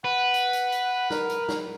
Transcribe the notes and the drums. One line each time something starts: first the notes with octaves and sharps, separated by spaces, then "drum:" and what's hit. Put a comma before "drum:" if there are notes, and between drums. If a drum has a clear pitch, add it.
B4 F#5
drum: hi-hat
drum: hi-hat
drum: hi-hat
A#4, drum: snare
drum: hi-hat
drum: snare